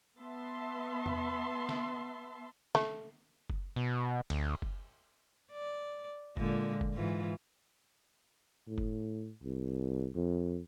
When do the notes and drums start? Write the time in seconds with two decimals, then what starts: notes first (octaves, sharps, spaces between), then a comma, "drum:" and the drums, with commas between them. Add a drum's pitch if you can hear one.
0.19 B3 E5 A5 C6
1.06 drum: tom E2
1.69 drum: snare
2.75 A3, drum: snare
3.50 drum: kick F#1
3.76 B2
4.30 D2, drum: cymbal
4.62 drum: kick F#1
5.52 D5
6.37 A#2 D3 G#3, drum: kick F#1
6.81 drum: kick F#1
6.94 G#2 E3 F4
8.67 A2
8.78 drum: kick F#1
9.43 C2
10.15 F2